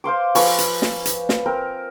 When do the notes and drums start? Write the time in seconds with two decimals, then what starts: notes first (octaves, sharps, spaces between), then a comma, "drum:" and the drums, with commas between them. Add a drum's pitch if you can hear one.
0.04 C5 F5 C6 D6
0.35 F3 B4 G#5 C#6, drum: open hi-hat
0.58 drum: hi-hat
0.82 drum: snare
1.05 drum: hi-hat
1.29 drum: snare
1.46 C4 A#4